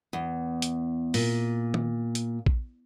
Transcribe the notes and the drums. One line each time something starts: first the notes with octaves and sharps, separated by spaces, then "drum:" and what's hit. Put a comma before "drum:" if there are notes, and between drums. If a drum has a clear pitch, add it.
E2
drum: hi-hat
A#2, drum: open hi-hat
drum: tom D#3
drum: hi-hat
drum: kick A#1